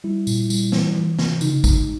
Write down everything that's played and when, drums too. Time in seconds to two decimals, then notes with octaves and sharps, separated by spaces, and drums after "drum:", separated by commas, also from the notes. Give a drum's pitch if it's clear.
0.04 G3 E4
0.27 A#2, drum: tambourine
0.50 G3, drum: tambourine
0.72 E3, drum: snare
0.95 E3
1.19 C3, drum: snare
1.41 C#3 D#4, drum: tambourine
1.64 G#3, drum: kick, tambourine